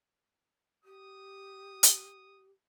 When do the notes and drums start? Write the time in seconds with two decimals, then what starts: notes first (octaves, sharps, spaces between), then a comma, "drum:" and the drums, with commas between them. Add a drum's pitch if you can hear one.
0.85 G4 D#6
1.83 drum: hi-hat